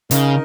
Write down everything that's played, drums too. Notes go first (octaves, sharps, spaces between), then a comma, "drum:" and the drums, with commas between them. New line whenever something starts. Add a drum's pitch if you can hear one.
C#3 D#4 A#4 D#5, drum: hi-hat